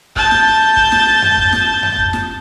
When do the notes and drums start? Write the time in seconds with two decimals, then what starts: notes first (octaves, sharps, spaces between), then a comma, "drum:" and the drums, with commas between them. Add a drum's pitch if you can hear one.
0.16 A5 G6, drum: kick
0.31 drum: snare
0.77 drum: kick
0.92 drum: snare
1.22 drum: tom F2
1.37 drum: kick
1.52 drum: snare
1.83 drum: tom F2
1.98 drum: kick
2.13 drum: snare